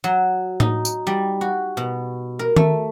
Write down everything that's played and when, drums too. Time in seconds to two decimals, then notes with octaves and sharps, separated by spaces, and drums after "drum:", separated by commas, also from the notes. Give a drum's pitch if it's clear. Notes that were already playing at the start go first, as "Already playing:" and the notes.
0.04 F#3
0.60 D#4, drum: tom A2
0.85 drum: tambourine
1.07 G3
1.41 F#4
1.77 B2
2.39 A#4
2.56 A3, drum: tom D#3